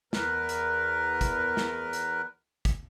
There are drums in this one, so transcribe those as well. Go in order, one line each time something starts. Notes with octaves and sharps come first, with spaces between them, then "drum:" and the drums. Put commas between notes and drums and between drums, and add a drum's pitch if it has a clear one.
E2 A#4 B4, drum: snare
drum: hi-hat
drum: kick, hi-hat
drum: snare
drum: hi-hat
drum: kick, hi-hat